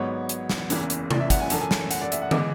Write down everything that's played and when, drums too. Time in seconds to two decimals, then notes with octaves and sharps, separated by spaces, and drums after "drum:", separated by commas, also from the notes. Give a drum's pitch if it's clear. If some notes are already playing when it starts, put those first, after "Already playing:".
Already playing: G#1 G#2 F#3 B3 C#5
0.29 drum: hi-hat
0.50 drum: snare
0.70 F#1 E2 C#3 E3, drum: hi-hat
0.90 drum: hi-hat
1.11 D5, drum: tom C3
1.20 E5
1.30 F#5, drum: kick, hi-hat
1.40 G#5
1.50 F#2 E3 A3 A5, drum: hi-hat
1.60 G#5
1.71 drum: snare
1.91 F#5, drum: hi-hat
2.01 D5
2.12 E5, drum: hi-hat
2.22 F#5
2.31 E3 G#3 D6, drum: tom D3